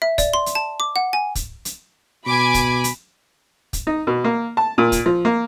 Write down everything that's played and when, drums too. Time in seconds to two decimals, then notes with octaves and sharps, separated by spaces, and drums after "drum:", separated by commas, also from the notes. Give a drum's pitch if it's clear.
0.02 E5
0.18 D5, drum: kick, hi-hat
0.34 C6
0.46 drum: hi-hat
0.55 A5
0.80 D6
0.96 F#5
1.13 G#5
1.35 drum: kick, hi-hat
1.65 drum: hi-hat
2.27 B2 G#5 B5 D6
2.54 drum: kick, hi-hat
2.84 drum: hi-hat
3.73 drum: kick, hi-hat
3.87 D#4
4.07 B2
4.24 A#3
4.57 A5
4.78 A#2
4.92 drum: kick, hi-hat
5.06 F3
5.25 A#3